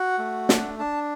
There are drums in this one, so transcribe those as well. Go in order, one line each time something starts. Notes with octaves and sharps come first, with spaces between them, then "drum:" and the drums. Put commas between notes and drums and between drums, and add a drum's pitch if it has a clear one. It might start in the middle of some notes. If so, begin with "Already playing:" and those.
Already playing: F#4 F#5
A3
D4, drum: snare
D4 A5